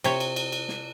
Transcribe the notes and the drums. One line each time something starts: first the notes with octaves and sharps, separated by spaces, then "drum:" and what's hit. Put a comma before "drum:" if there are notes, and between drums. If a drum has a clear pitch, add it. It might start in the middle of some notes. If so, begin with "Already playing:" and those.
C3 C#5, drum: cymbal
drum: cymbal
drum: cymbal
drum: cymbal
drum: snare